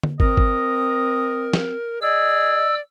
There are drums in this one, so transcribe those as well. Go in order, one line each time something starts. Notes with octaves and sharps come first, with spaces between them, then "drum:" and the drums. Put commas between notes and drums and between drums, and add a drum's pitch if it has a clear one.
drum: tom D3
C4 A#4 D#5, drum: kick
drum: kick
drum: snare
G#4 D5 D#5 E6